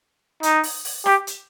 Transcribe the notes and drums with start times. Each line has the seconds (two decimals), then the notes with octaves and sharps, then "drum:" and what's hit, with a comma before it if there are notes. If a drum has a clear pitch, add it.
0.43 D#4, drum: hi-hat
0.63 drum: open hi-hat
0.85 drum: open hi-hat
1.06 G4, drum: rim click
1.27 drum: hi-hat